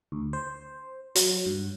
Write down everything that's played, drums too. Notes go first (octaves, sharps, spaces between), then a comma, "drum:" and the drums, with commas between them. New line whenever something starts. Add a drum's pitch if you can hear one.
D2
C5
F#3, drum: hi-hat
G2